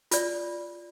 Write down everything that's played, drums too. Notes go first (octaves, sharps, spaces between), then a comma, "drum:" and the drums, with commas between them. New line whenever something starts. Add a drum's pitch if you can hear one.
F4 D5, drum: hi-hat